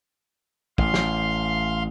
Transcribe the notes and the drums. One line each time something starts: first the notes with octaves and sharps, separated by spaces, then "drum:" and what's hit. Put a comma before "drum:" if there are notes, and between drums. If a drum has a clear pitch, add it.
A1 F5 C6, drum: kick
drum: snare